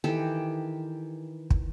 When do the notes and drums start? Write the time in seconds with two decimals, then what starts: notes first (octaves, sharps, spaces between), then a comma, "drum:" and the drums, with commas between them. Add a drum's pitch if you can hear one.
0.04 D#3 E3 G4 A4
1.50 drum: kick